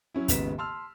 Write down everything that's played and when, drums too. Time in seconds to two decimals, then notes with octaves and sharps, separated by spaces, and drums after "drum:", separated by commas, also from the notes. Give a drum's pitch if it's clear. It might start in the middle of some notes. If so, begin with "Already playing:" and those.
0.14 F#3 C#4 E4
0.28 D#1 G#2 C#3 B3 B6 E7, drum: kick, hi-hat
0.58 A5 C6 E6 F6